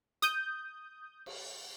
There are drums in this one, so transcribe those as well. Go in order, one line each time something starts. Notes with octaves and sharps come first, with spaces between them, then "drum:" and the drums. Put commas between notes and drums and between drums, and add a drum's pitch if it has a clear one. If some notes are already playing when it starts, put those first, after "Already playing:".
D#6 G6, drum: hi-hat
drum: cymbal